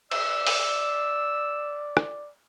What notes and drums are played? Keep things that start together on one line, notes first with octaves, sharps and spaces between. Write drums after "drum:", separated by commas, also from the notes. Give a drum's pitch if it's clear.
D5 E6, drum: cymbal
drum: open hi-hat
drum: rim click